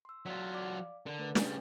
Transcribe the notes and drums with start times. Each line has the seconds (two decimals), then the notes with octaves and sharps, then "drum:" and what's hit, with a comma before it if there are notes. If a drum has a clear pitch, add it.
0.05 C6 E6
0.26 F#3 F4 D5 C6 B6
0.54 D5 F5 D6
1.06 D3 A#4
1.19 A3 B4
1.35 C#3 G3 D5 G#5, drum: snare